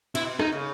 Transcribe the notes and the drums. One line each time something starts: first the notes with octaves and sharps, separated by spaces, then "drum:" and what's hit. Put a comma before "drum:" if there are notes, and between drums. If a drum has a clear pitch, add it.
B2 E4, drum: cymbal
D#4, drum: rim click
C#3